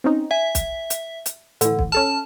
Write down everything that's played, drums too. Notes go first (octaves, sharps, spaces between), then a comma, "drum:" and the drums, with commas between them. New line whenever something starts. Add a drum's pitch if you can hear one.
C4 C#4 D#4
E5 G#5
drum: kick B1, hi-hat
drum: hi-hat
drum: hi-hat
A2 D3 E3, drum: hi-hat
drum: kick B1
C#4 A4 A5 F6